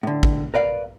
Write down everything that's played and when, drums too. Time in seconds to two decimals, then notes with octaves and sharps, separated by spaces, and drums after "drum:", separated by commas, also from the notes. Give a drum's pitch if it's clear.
0.03 A2 D3
0.23 drum: kick G#1
0.54 A#4 B4 D5 F5